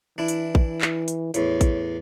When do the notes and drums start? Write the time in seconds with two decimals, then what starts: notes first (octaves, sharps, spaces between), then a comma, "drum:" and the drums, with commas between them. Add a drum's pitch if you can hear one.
0.18 E3 D4 E4
0.28 drum: hi-hat
0.55 drum: kick A#1
0.81 drum: clap
1.08 drum: hi-hat
1.34 E2 A2 C#5, drum: hi-hat
1.61 drum: kick A#1, hi-hat